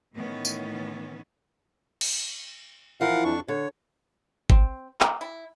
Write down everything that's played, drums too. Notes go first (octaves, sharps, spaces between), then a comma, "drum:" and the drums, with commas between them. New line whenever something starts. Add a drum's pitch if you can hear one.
A2 D#3 E3 B3 C#4
drum: tambourine
drum: cymbal
E3 F3 A#4 F5 F#5
F2 D4 C#6
D3 C#5
C4, drum: kick
A#3, drum: clap
E4